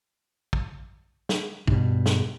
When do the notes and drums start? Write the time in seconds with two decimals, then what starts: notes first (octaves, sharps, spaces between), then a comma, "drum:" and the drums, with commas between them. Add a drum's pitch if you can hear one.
0.53 drum: kick
1.29 drum: snare
1.67 G2 B2, drum: kick
2.06 drum: snare